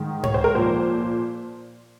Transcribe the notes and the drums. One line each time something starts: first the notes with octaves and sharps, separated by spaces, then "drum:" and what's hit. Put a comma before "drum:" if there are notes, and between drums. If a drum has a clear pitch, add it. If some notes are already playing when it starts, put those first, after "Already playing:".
Already playing: G#2 D#3
C#5, drum: tom G#2
C5
A#4
A#2 F3 C5